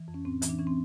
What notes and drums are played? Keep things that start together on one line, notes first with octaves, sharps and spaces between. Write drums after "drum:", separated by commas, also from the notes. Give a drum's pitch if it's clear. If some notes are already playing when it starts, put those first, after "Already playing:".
Already playing: E3
F2
C#4
A2 C4
E3, drum: hi-hat
D4
E3 C#4
C4